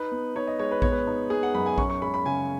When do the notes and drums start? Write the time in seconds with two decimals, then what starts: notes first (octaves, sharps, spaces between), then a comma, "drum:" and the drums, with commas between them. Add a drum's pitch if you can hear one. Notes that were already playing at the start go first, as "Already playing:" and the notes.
Already playing: D#4 B4
0.12 B3
0.36 D#4 C#5
0.47 D#5
0.59 G#3 C#5
0.71 B4
0.82 B3 C#5, drum: kick A#1
0.92 B4
1.07 D#4
1.30 B3 G#4
1.43 F#5
1.54 F#2 B5
1.66 G#5
1.78 C#4 C#6, drum: kick A#1
1.90 C#6
2.02 G#3 B5
2.14 B5
2.26 C#3 G#5